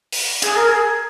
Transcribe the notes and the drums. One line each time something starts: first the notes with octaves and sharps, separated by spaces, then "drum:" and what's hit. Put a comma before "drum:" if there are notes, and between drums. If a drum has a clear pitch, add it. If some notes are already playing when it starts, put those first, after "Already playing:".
drum: open hi-hat
G#4, drum: hi-hat
A#4
G#4